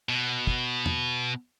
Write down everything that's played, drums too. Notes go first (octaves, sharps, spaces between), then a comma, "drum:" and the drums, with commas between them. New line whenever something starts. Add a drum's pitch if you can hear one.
B2
drum: kick
drum: tom E2